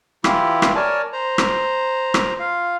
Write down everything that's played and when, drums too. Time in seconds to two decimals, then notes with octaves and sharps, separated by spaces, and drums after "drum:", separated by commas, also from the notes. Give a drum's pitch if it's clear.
0.24 E3 E4 F4 G4, drum: rim click
0.62 drum: rim click
0.75 A#4 C#5 D5 G#5 A5
1.13 C5 A#5
1.38 drum: rim click
2.14 drum: rim click
2.40 F4 F5